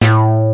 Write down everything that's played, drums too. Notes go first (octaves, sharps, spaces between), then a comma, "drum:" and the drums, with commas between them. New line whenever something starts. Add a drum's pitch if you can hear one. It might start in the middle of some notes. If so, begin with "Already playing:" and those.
A2, drum: snare